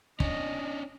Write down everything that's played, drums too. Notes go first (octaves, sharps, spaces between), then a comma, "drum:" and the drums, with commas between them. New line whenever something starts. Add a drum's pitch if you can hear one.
C#4 D4 D#5, drum: kick